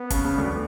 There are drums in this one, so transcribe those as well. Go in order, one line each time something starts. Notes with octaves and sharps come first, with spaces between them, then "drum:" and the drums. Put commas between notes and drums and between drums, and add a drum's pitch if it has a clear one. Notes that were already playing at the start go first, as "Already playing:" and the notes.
Already playing: B3
C#3, drum: kick, hi-hat
C#3
D2 D3